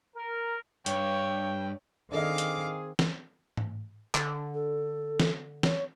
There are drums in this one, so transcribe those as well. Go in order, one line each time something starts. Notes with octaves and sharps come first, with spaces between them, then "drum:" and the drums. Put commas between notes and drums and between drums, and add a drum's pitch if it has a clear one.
A#4
G2 C#5 G5, drum: hi-hat
D#3 C4 D4 G#4 A4 D#5 F5 D6
drum: hi-hat
drum: snare
drum: tom G#2
D3, drum: clap
A4
drum: snare
C#5, drum: snare